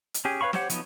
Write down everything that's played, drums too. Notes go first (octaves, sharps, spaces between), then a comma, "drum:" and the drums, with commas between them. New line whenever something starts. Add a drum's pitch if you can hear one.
drum: hi-hat
C#4 G4 G#4
B4 C#5 F5 B5 C#6
G4 C5 C#5 F#5, drum: snare
F3 F#3 B3 D#4, drum: hi-hat